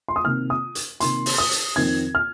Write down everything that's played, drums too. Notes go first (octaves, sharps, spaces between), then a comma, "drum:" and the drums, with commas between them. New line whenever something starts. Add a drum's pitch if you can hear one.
C6
D#6
C3 D#3 A#3 F6
D#6
drum: hi-hat
C3 D#3 A#3 C6, drum: hi-hat
drum: open hi-hat
D#6
drum: hi-hat
F2 D#3 C4 G#6
F6